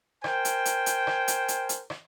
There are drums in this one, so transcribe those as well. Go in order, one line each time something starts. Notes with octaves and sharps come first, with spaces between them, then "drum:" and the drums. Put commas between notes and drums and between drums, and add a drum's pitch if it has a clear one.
A#4 C5 G5 G#5, drum: rim click
drum: hi-hat
drum: hi-hat
drum: hi-hat
drum: rim click
drum: hi-hat
drum: hi-hat
drum: hi-hat
drum: rim click